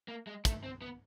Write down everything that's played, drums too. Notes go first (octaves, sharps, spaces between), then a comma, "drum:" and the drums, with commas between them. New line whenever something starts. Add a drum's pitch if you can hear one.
A#3
G#3
A3, drum: kick, hi-hat
C4
B3